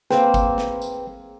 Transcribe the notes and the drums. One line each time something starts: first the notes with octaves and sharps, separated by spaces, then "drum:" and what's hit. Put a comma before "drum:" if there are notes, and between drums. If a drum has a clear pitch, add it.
A#3 C4 G#4 B4 C5 G5, drum: snare
drum: kick G1, tambourine
drum: snare
drum: tambourine